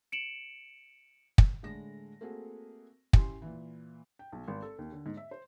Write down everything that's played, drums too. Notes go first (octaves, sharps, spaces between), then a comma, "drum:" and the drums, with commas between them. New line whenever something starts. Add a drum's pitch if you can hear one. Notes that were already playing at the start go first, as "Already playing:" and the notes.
C#7 D7 E7 F#7
drum: kick
A2 D3 G#3 A#6
A3 A#3 C4 F#4 G#4 A4
C#4 E4 G4 G#5 C6, drum: kick
A#2 E3
G5
B1
G#1
A4
D#2
D3
G#2
E5
C5